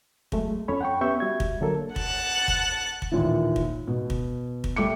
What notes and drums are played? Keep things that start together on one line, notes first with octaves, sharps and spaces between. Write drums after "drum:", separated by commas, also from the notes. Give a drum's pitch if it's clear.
F#3 G#3 A3, drum: kick
F2 C#4 A4 C#5 B5
F#5 G5 C#6
B3 C#4 G4 E5 C#6 G6
G3 F#4 E5 G#6
drum: kick
D3 F#3 A#3 A4 A#4
F#5 A5 F#6, drum: kick
drum: kick
drum: kick
D#2 A#2 E3
drum: kick
B2
drum: kick
drum: kick
G3 A3 D6 C#7